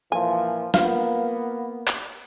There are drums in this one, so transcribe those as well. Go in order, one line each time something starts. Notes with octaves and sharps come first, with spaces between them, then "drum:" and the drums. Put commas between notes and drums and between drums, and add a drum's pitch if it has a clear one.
A#2 E3 F3 G#5
A#3 B3 F4 C5 F5, drum: snare
drum: clap